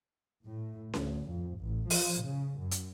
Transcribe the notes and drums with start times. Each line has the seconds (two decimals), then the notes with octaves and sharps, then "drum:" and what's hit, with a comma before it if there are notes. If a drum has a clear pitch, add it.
0.45 A2
0.94 D2, drum: snare C#4
1.27 F2
1.59 A1
1.90 F3, drum: open hi-hat
2.24 C#3
2.59 F#2
2.71 drum: hi-hat